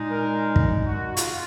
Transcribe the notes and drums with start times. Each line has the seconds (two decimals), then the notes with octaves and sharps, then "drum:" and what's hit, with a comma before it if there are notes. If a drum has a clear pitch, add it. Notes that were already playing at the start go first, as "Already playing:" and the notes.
Already playing: A#2 G#3 D#4
0.11 A#4
0.56 drum: kick
0.87 F#4
1.17 F4, drum: hi-hat